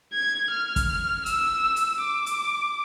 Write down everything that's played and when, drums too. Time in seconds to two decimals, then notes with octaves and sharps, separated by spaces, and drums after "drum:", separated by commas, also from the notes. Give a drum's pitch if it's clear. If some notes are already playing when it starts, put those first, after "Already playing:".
0.13 G#6
0.51 F6
0.76 drum: kick, hi-hat
1.26 E6, drum: hi-hat
1.76 drum: hi-hat
2.01 D6
2.26 drum: hi-hat